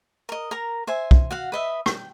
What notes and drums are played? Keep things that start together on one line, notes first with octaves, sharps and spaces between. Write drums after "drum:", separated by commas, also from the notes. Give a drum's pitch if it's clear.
A#4 D#5
A#4 A#5
C5 E5 G#5
drum: kick
F#4 F5 F#5
B4 D#5 E5
G5, drum: rim click